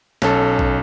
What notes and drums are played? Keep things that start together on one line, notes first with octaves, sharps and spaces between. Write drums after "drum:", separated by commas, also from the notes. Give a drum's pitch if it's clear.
B1 C#4 A4, drum: snare
drum: kick